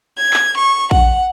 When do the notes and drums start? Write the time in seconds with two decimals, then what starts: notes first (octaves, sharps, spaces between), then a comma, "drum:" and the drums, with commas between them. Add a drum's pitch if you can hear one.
0.17 G#6
0.33 drum: clap
0.56 C#6
0.91 F#5, drum: kick A#1